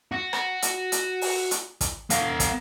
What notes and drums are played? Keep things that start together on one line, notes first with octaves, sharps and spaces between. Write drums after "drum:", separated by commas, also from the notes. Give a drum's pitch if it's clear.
F#4
drum: rim click
drum: hi-hat
drum: hi-hat
drum: open hi-hat
drum: hi-hat
drum: kick, hi-hat
B3 F5, drum: hi-hat
drum: kick, hi-hat